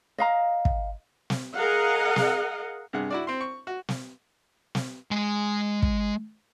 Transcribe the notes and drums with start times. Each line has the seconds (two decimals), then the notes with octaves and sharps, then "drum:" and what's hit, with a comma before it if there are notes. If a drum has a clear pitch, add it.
0.18 D#5 F5 A#5
0.65 drum: kick
1.30 drum: snare
1.58 G#4 A#4 D#5 F5 F#5
2.16 drum: snare
2.93 G2 C3 G#4 F#5
3.10 E4 F#4 D5
3.27 C4 C6
3.41 C#6
3.67 F#4
3.89 drum: snare
4.75 drum: snare
5.11 G#3 G#5
5.83 drum: kick